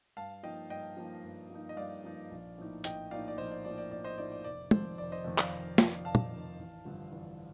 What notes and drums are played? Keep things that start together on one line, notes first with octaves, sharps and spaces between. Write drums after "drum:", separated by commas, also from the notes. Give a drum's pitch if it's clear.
G2 F5 A5
F3 A#3 D#4 D#5 G5
G2 D#5 G5
F3 A#3 D#4
G2
F3 A#3 D#4
D#5
G2 D5 F5
F3 A#3 D#4
A#1
A2 F3 A#3 D#4
A#1 D#5 G5, drum: hi-hat
A2 F3 A#3 D#4 D5 F5
D5
A#1 C5 D#5
D5
A2 F3 A#3 D#4 D5
D5
A#1 D5
C5 D#5
A2 F3 A#3 D#4 D5
D5
F1 D5
F2 D#3 C5, drum: tom
F1 D5
C5 D#5
F2 D#3
D5 F5, drum: clap
F1
F2 D#3, drum: snare
F1 F5 A5
drum: tom
F2 D#3
A1
G2 D3 F3
A1